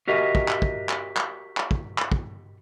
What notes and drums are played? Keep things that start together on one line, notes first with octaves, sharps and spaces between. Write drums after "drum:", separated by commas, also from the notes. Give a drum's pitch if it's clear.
F#4 G4 A#4 D#5 E5
drum: kick
drum: clap
drum: kick
drum: clap
drum: clap
drum: clap
drum: kick
drum: clap
drum: kick